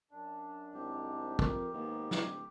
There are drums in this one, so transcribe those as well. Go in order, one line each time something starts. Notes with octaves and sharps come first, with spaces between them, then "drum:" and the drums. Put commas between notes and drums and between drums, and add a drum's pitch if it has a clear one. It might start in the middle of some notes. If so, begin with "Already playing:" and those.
F#2 D4
C2 G#2 G4
F2 A#4, drum: kick
D#2 G#2 B3
D1, drum: snare